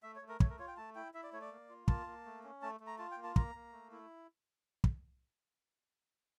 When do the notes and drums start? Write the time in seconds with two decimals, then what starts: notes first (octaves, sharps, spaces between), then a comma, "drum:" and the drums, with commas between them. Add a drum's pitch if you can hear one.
0.03 A3 E5
0.16 C#5
0.21 A3
0.28 A#4
0.40 A3 C#5, drum: kick
0.50 A#4
0.59 F4 C#5
0.68 G5
0.77 A3 A5
0.95 E4 G5
1.14 E4 E5
1.23 D5
1.33 A3 C#5
1.41 D5
1.51 A#3
1.69 F4
1.88 A#3 A5, drum: kick
2.06 A#3
2.26 A3
2.44 C#4
2.62 A3 A5
2.80 A3
2.87 A#5
2.98 F4 A5
3.11 G5
3.17 A#3
3.24 A5
3.36 A#3 A#5, drum: kick
3.55 A#3
3.73 A3
3.92 E4
4.84 drum: kick